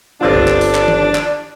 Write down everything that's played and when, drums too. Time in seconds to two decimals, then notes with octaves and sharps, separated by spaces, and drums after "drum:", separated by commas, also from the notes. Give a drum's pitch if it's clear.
0.21 G1 C4 D4 F4
0.34 drum: kick
0.48 drum: clap
0.61 drum: open hi-hat
0.75 drum: clap
0.88 drum: tom D#3
1.15 drum: clap